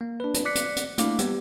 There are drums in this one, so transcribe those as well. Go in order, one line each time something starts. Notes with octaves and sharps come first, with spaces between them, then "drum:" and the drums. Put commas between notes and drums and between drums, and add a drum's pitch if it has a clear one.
A#3
D4 B4
drum: hi-hat
D5 D6 F#6 B6 C#7
drum: hi-hat
drum: hi-hat
A3 A#3 D4 E4 F5 D6, drum: hi-hat
G3 B3 G4, drum: hi-hat